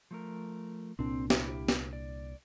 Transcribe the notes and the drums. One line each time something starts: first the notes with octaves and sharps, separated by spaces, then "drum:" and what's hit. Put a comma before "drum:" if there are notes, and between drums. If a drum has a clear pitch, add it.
F3 A3 A#4
C2 A#2 C4 D4
A#3 E4 G4, drum: snare
drum: snare
D5